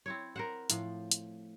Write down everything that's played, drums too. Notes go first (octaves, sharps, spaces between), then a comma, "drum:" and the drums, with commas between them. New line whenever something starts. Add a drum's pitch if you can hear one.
C4 E4 C#5
A#4 C5 F#5
A2 F3, drum: hi-hat
drum: hi-hat